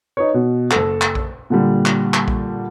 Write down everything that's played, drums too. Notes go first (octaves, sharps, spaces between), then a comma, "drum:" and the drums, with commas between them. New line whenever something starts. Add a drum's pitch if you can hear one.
D#4 B4 C#5
B2
F#1 A4, drum: clap
drum: clap
drum: kick A#1
A#2 D3 G3
drum: clap
drum: clap
drum: kick A#1